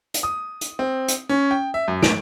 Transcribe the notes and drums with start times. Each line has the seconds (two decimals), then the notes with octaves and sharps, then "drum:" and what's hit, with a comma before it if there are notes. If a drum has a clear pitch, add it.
0.14 drum: hi-hat
0.23 D#6
0.61 drum: hi-hat
0.79 C4
1.08 drum: hi-hat
1.29 C#4
1.51 G5
1.74 E5
1.88 F#2
2.02 D7, drum: snare